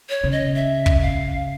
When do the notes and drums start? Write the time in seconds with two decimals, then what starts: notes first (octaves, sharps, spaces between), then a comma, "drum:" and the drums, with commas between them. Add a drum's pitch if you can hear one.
0.09 C#5
0.24 C#3
0.32 D#5
0.55 E5
0.86 drum: kick
1.02 F5